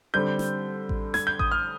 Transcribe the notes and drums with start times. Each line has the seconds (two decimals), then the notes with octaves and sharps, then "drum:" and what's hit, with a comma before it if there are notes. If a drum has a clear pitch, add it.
0.14 D3 G3 C4 G6
0.39 drum: snare
0.89 drum: kick A1
1.14 G#6, drum: snare
1.27 G6
1.39 D#6, drum: kick A1
1.51 F6